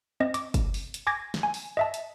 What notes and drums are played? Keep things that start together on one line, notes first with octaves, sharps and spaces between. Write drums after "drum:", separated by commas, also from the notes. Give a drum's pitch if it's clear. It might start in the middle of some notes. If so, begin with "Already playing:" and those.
C4 D#5 A#6
D6, drum: hi-hat
drum: kick, hi-hat
drum: open hi-hat
drum: hi-hat
G#5 D6 G#6 A#6
drum: snare
G#5
drum: open hi-hat
D#5 E5 A5
drum: hi-hat